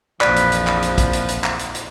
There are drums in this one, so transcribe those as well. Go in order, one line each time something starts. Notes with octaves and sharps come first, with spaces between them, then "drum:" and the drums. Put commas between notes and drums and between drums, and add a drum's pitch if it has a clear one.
A#1 F2 E3 F3 B4 D5, drum: clap
drum: hi-hat
drum: hi-hat
drum: clap
drum: hi-hat
drum: kick, hi-hat
drum: hi-hat
drum: hi-hat
drum: clap
drum: hi-hat
drum: hi-hat